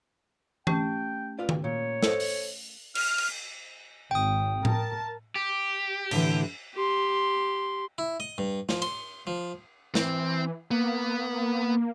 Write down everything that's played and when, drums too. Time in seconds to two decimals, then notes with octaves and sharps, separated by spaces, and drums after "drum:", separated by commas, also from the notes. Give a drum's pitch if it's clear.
0.67 A3 C#4 G4 G5, drum: tom E3
1.39 F4 B4 D5
1.49 drum: tom D#3
1.64 A#2 C#5
2.03 A4 C5 D#5, drum: snare
2.20 drum: open hi-hat
2.95 F6, drum: cymbal
3.18 drum: cymbal
4.11 G#1 G5 D#6
4.65 A#4 A5, drum: tom A2
5.36 G4
6.11 A2 D3 E3, drum: cymbal
6.74 G4 C6
7.98 E4
8.20 D#5
8.38 G2
8.69 F3, drum: snare
8.82 C6, drum: cymbal
9.27 F3
9.95 E3 C4, drum: snare
10.71 A#3 B3